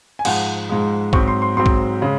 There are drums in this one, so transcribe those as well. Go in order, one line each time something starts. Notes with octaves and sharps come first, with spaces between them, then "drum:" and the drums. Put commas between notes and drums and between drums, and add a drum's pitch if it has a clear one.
G#5
G#2 F3 G#3 F#5, drum: cymbal
G#2 F3 G#3
G#2 F#3 C4 C#6, drum: kick
C6
C6
G#2 F#3 C4 C6
drum: kick
C#3 G#3